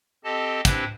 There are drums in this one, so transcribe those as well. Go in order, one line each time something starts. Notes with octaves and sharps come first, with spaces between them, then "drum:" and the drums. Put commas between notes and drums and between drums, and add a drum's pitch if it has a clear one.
C4 G4 A4 D#5 A5
C4 D4 E4 G4 B4 C5, drum: kick, hi-hat